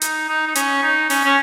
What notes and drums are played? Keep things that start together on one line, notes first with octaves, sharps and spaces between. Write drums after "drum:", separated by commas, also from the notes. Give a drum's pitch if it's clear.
D#4, drum: hi-hat
D#4
D#4
C#4, drum: hi-hat
D#4
C#4, drum: open hi-hat
C#4